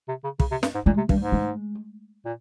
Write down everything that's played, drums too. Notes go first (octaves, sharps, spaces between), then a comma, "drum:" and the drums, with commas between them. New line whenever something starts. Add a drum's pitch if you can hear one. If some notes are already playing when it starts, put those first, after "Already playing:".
C3
C#3
C#3, drum: kick
C3
G2, drum: snare
G#2
A#2 G#3
C3
G2 G3, drum: kick
G#2
G#3
A#2